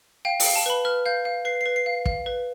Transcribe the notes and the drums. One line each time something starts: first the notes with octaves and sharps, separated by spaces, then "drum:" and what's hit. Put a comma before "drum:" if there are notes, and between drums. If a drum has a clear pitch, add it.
F5 G5
G5, drum: open hi-hat
F5
A5
B4 B5
B4 F6
F5 G6
F5
B4 C7
B4 C7
C7
F5
F5, drum: kick
B4